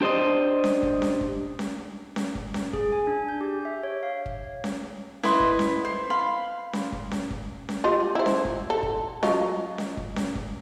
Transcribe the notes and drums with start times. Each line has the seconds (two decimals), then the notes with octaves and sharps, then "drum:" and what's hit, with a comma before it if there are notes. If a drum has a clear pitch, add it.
0.01 D4 G4 C5 D5 D#5
0.64 drum: snare C#4
0.83 drum: kick
1.02 drum: snare C#4
1.21 drum: kick
1.59 drum: snare C#4
2.16 drum: snare C#4
2.35 drum: kick
2.54 drum: snare C#4
2.73 G#4, drum: kick
2.92 G#5
3.07 D4
3.29 G6
3.41 G4
3.65 E5
3.83 C#5
4.03 F5
4.26 drum: kick
4.64 drum: snare C#4
5.23 E4 B4 D#5 C6, drum: snare C#4
5.40 drum: kick
5.59 drum: snare C#4
5.85 C5
6.10 F5 B5 C6
6.73 drum: snare C#4
6.92 drum: kick
7.11 drum: snare C#4
7.31 drum: kick
7.69 drum: snare C#4
7.84 F4 G4 D#5
8.15 E4 C5
8.26 drum: snare C#4
8.45 drum: kick
8.70 A4
8.83 drum: kick
9.23 F#3 F4 D#5, drum: snare C#4
9.78 drum: snare C#4
9.97 drum: kick
10.16 drum: snare C#4
10.35 drum: kick